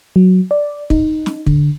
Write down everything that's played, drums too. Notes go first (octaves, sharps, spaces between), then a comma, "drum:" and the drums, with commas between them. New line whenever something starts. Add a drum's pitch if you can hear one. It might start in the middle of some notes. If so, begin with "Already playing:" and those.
F#3
D5
D#4, drum: kick
drum: snare
D3, drum: kick